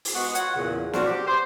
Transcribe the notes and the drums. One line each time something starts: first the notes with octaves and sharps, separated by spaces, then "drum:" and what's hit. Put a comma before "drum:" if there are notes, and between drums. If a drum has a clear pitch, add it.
drum: open hi-hat
G#3 B3 F#4
F4 F#4 C#5 F#5, drum: hi-hat
E2 A#2 C#3
A#2 C#4 D4 F#4 A#4 C5, drum: snare
G4
C5